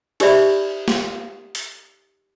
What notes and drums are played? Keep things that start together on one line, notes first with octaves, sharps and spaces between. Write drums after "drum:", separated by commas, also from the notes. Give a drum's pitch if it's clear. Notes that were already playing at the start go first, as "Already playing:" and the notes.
D#4 G4 C5 D5 E5 B5, drum: cymbal
drum: snare
drum: hi-hat